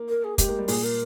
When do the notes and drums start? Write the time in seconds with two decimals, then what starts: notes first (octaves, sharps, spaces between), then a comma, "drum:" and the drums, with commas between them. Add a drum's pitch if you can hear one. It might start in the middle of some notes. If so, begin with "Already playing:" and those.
Already playing: A#3
0.09 A#4
0.24 G#4
0.38 G#3 G4, drum: kick, hi-hat
0.49 A#3
0.59 G3
0.68 A#2 G#4, drum: open hi-hat
0.84 A#4